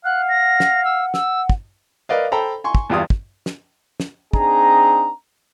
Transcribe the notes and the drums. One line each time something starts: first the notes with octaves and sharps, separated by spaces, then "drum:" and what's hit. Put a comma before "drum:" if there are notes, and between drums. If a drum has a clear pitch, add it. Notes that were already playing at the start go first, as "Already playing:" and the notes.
F5 F#5 F#6
A#6
drum: snare
E6
E6, drum: snare
drum: kick
A#4 B4 D5 D#5 F5
A4 C5 G5 A#5 B5
G#5 C6 C#6
drum: kick
E2 G2 F4 D5 D#6
drum: kick
drum: snare
drum: snare
C4 D4 D#4 G#4 A#5, drum: kick